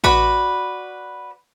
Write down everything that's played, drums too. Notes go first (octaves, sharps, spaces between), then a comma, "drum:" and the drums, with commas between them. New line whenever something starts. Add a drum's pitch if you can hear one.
F#4 B4 D5 B5, drum: kick